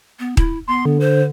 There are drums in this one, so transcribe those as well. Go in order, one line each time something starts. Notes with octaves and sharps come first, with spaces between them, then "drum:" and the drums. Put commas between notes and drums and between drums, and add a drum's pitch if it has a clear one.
B3
E4, drum: kick D#1
B3 C6
D3
C5